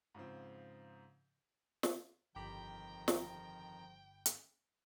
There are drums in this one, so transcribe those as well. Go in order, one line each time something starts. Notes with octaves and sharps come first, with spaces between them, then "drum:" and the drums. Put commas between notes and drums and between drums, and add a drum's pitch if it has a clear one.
G#2 C#3 F3 C4
drum: snare
G1 F2 D#3 F3 G4 G5 A#5 B5
drum: snare
drum: hi-hat